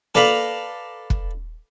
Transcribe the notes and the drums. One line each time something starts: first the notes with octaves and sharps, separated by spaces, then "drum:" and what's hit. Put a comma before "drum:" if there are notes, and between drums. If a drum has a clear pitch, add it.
A4 B4 D5 F5 A#5 B5, drum: snare A#3
drum: kick